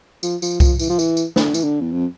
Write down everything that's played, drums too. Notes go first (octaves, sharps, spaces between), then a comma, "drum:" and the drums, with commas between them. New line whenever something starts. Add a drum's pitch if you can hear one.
F3, drum: tambourine
F3, drum: tambourine
F3, drum: kick C2, tambourine
E3, drum: tambourine
F3
E3, drum: tambourine
drum: tambourine
D3, drum: snare
E3, drum: tambourine
D3
E2
F2